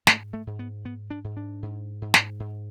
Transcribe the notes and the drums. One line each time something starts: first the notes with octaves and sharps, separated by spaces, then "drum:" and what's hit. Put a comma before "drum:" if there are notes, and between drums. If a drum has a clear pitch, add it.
G#2 A3, drum: snare
A3
G#2
B3
G#2 B3
D4
G#2
D4
G#2
G#2
drum: snare
G#2